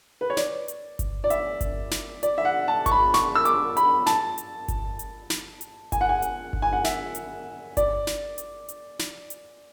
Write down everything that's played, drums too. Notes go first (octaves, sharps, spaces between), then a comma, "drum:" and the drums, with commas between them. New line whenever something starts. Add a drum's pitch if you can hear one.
B4
C#5
D5, drum: snare
drum: hi-hat
drum: kick G1, hi-hat
D5
E5, drum: hi-hat
drum: kick G1, hi-hat
drum: snare
D5, drum: hi-hat
E5
F#5
A5
C#6, drum: kick G1, hi-hat
B5
C#6, drum: snare
E6
D6, drum: hi-hat
B5, drum: hi-hat
A5, drum: snare
drum: hi-hat
drum: kick G1, hi-hat
drum: hi-hat
drum: snare
drum: hi-hat
G#5, drum: kick G1, hi-hat
F#5
G#5
drum: hi-hat
drum: kick G1
G#5
F#5
E5, drum: snare
drum: hi-hat
D5, drum: kick G1, hi-hat
drum: snare
drum: hi-hat
drum: hi-hat
drum: snare
drum: hi-hat